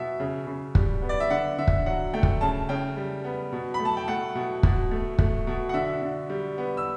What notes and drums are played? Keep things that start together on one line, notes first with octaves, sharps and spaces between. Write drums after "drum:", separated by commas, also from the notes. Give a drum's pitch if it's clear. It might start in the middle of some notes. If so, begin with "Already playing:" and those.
Already playing: B2 E5
C#3
C#3
G3, drum: kick
B3
D5
E5
D3 F#5
D3 E5
drum: kick
F#3 F#5
A3 G5
drum: kick
C#3 A5
C#3 G5
G3
B3
B2
B5
A3
A5
G5
A3 F#5
B2
B2, drum: kick
A3
A3, drum: kick
B2
F#5
D3 E5
D3
G3
B3
E6